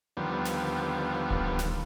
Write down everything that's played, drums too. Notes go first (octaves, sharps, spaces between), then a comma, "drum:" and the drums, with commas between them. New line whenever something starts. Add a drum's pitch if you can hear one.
D#2 D3 F3 G3 B3
drum: snare
drum: kick D1
drum: snare